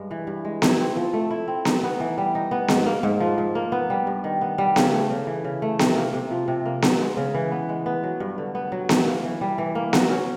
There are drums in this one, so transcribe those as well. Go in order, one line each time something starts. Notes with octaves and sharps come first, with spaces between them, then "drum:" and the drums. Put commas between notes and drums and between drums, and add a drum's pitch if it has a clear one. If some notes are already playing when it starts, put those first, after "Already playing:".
Already playing: G2 G#3
E3
G2
G#3
E4, drum: snare B3
C4
F3
A3
E4
C4
D#4, drum: snare B3
B3
E3
G3
D#4
B3
G#2, drum: snare B3
A#3
G#2
F3
G#2
A#3
B3
G3
G2
D#3
B3
G3
C#3, drum: snare B3
A3
C#3
E3
C#3
A3
C3, drum: snare B3
A#3
C3
F3
C3
A#3
B3, drum: snare B3
G#3
C#3
E3
B3
G#3
B3
F#3
G2
D3
B3
F#3
E3, drum: snare B3
A#3
E3
G3
E3
A#3
F#4, drum: snare B3
C#4